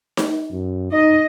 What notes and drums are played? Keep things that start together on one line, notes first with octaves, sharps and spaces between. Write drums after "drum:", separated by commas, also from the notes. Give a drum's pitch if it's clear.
drum: snare D#4
F#2
D#4 D#5